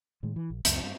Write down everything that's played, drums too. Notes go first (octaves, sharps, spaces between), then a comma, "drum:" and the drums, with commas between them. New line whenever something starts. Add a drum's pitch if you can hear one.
A2 D#3 G#3
E3
A#1
C#2 F#2, drum: hi-hat
G2